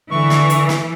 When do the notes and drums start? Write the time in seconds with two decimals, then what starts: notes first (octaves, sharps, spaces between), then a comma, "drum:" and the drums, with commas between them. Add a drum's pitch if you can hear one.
0.11 D3 E3 C#6
0.30 drum: snare
0.50 drum: hi-hat
0.69 drum: snare